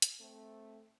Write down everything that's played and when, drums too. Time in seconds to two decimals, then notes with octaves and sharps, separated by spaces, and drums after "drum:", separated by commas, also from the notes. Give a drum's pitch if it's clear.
0.02 drum: hi-hat
0.21 A3 C4